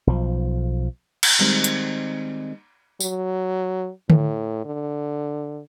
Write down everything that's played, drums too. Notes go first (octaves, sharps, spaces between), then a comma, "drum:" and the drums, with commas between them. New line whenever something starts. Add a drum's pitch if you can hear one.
B1 F3
drum: cymbal
D#3 G3 G#3 C4
drum: hi-hat
F#3, drum: tambourine
A2, drum: tom D3
D3